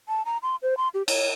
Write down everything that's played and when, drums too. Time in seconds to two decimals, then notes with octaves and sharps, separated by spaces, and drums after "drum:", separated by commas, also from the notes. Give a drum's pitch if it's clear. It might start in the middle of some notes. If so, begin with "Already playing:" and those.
0.08 A5
0.25 A#5
0.42 C6
0.62 C5
0.77 C6
0.94 G4
1.08 C#5, drum: cymbal